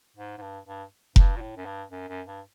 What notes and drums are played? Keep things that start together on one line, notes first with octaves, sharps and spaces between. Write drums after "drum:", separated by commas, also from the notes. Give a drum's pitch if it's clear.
G#2
G#2
G2
G2
G2, drum: kick F1
A#2
A2
F#2
G2
F#2
F#2
G2